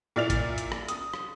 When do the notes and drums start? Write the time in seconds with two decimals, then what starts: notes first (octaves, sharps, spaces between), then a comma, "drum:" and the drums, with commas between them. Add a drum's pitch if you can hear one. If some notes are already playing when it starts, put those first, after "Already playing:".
0.16 A#2 E4 D5 F6 A6 F7
0.30 drum: kick, hi-hat
0.58 drum: hi-hat
0.72 drum: rim click
0.88 D#6, drum: hi-hat
1.14 drum: rim click